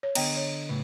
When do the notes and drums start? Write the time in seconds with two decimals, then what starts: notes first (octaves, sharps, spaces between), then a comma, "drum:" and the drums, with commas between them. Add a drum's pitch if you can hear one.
0.03 C#5
0.15 D3 B3 D#5 G5 A#5, drum: cymbal
0.36 C#5
0.69 A2 C#3 B4